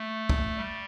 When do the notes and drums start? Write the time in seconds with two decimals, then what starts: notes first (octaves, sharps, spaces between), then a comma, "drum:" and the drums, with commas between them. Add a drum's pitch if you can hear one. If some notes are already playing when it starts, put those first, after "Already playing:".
Already playing: A3
0.29 drum: kick
0.57 G3